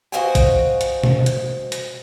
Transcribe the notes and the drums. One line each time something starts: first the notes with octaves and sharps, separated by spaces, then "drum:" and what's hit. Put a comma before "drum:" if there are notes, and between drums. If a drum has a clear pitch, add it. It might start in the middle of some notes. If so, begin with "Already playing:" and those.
F#4 C5 D#5 F5 G5 G#5
drum: kick, hi-hat
drum: hi-hat
drum: tom
drum: hi-hat
drum: hi-hat